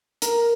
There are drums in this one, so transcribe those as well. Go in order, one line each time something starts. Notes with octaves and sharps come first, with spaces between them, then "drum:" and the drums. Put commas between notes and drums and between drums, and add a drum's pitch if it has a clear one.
A#4, drum: hi-hat